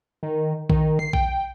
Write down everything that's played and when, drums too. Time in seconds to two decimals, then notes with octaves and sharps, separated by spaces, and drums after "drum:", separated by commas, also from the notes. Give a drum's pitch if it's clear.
0.23 D#3
0.70 D#3, drum: kick A#1
0.99 C7
1.13 G5, drum: kick A#1